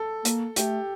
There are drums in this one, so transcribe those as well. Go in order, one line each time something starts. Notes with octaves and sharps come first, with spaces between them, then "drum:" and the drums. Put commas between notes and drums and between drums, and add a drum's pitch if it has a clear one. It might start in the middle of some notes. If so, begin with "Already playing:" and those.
Already playing: A4
A#3, drum: hi-hat
A3 G4, drum: hi-hat